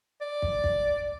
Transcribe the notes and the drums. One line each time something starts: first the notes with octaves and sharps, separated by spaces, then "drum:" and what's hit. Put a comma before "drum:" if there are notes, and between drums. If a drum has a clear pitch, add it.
D5
drum: kick
drum: kick